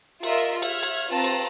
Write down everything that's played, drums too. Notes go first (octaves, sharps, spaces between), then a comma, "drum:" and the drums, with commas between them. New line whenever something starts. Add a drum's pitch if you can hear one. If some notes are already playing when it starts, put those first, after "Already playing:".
F4 A#4 D#5 E5, drum: cymbal
E5 F6 G#6, drum: cymbal
drum: cymbal
C4 F4 B4 A5 A#5 A6
drum: cymbal